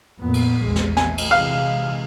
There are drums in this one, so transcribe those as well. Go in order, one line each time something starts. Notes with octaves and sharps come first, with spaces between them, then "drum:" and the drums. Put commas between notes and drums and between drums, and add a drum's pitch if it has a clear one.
F2 A#2 B3
drum: cymbal
A#1 E2 G#3
drum: snare
A3 G#5, drum: snare
drum: cymbal
C3 E3 G#3 F5